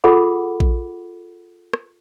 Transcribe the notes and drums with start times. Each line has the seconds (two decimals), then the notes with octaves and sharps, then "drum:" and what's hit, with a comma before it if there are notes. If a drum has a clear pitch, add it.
0.04 F4 G#4 A4 F#5 B5 D6
0.60 drum: kick A#1
1.73 drum: rim click